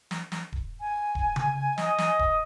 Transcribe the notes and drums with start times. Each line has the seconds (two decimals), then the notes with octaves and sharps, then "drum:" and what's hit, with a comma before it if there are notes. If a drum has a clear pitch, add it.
0.11 drum: snare
0.32 drum: snare
0.53 drum: kick D#1
0.81 G#5
1.15 drum: kick D#1
1.36 drum: tom C#3
1.78 D#5, drum: snare
1.98 drum: snare
2.19 drum: kick D#1